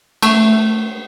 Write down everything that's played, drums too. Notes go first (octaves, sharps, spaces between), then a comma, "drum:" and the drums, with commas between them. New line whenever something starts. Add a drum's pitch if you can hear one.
A3, drum: cymbal